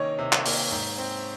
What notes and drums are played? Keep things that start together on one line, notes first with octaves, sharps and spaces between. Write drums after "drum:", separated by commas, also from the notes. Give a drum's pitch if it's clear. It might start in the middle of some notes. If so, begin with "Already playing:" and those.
Already playing: C3 D#3 A#3 C#4 C#5 D#5
C3
drum: clap
A#3, drum: open hi-hat
G#2
C4